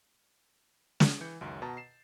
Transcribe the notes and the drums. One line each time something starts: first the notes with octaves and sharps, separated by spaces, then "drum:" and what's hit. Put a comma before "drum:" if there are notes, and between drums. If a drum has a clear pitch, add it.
drum: snare
E3 G6 C#7
C#2 F#2 D#3
B2 A5 A#5 A6
C7 E7